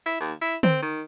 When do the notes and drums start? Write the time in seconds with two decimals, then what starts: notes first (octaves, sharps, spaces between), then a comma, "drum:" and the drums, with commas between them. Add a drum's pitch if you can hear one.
0.06 E4
0.20 D#2
0.41 E4
0.63 C4, drum: tom
0.82 D#3